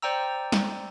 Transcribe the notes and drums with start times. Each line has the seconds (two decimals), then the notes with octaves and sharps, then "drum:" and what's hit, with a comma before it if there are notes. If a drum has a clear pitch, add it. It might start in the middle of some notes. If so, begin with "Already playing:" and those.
0.02 C5 D5 G5 A#5 E6
0.52 drum: snare